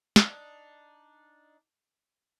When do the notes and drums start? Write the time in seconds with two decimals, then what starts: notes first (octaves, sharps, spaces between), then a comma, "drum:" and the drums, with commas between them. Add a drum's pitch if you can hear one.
0.16 D4 D#4, drum: snare